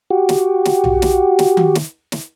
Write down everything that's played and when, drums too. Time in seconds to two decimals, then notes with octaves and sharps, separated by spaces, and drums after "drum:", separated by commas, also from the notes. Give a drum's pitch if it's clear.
0.10 F#4 G4
0.29 drum: snare
0.65 drum: snare
0.84 drum: tom B1
1.02 drum: snare
1.39 drum: snare
1.57 drum: tom D#3
1.75 drum: snare
2.12 drum: snare